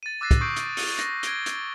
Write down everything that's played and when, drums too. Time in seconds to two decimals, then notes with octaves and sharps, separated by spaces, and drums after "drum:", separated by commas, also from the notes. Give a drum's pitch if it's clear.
0.03 A6 D#7
0.21 D6 E6 F#6 A6 A#6 C7
0.31 drum: kick, hi-hat
0.41 C#6 D#6 G6 C7 D7
0.56 D#6, drum: hi-hat
0.77 drum: open hi-hat
0.99 A#6, drum: hi-hat
1.23 G#6 D7 G7, drum: hi-hat
1.46 drum: hi-hat